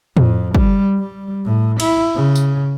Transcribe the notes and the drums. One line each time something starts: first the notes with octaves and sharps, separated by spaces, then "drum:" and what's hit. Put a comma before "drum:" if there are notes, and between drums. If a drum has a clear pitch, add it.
F2, drum: tom A2
G3, drum: kick
G3
A2
E4, drum: cymbal
C#3
drum: tambourine